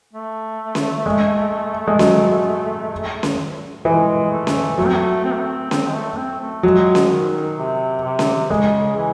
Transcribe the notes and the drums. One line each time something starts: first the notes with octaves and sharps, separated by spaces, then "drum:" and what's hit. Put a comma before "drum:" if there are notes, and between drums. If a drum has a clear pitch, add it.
A3
drum: snare C#4
G#3
G#3
F#3, drum: snare C#4
drum: snare C#4
E3 G#3
A3
drum: snare C#4
F#3 A3
C4
A3
C4
A3
C4
C4, drum: snare C#4
G#3
A3
C4
A3
F#3 G#3
drum: snare C#4
D#3
C3
C3
drum: snare C#4
C#3 G#3
E3